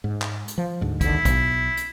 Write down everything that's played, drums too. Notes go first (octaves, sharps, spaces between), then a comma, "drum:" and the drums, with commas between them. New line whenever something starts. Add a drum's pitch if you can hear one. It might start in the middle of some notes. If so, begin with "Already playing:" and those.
G#2
drum: clap
drum: hi-hat
F3
D2 G#2
G#1 D#2 D3 E4, drum: kick, hi-hat
B1, drum: kick, hi-hat
drum: hi-hat